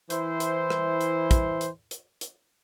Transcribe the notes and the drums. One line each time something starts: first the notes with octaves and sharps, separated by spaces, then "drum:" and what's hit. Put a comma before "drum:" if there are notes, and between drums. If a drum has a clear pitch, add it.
E3 E4 C5, drum: hi-hat
drum: hi-hat
drum: rim click
drum: hi-hat
drum: kick, hi-hat
drum: hi-hat
drum: hi-hat
drum: hi-hat